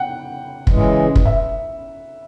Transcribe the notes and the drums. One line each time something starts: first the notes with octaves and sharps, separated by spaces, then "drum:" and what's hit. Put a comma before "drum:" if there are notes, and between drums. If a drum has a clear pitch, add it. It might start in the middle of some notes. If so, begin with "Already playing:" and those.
Already playing: F#5 G5
C#3 E3 G#3, drum: kick
drum: kick
E5